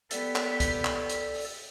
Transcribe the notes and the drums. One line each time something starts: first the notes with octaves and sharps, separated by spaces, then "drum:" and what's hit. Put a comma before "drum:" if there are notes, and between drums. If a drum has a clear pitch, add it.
B3 G4 A4 D5, drum: hi-hat
drum: clap
drum: kick, hi-hat
drum: clap
drum: hi-hat
drum: open hi-hat